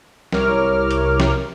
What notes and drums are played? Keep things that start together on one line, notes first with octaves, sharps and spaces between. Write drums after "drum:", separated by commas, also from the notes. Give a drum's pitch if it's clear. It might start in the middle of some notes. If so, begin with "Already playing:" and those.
C2 E4 A#4 C#5 D6 F6, drum: snare
drum: hi-hat
drum: snare